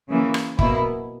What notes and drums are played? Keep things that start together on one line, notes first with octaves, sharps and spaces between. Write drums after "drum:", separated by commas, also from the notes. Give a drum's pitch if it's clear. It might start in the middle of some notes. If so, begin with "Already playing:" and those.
C#3 E3 A#3
drum: rim click
B2 A#3 E4, drum: kick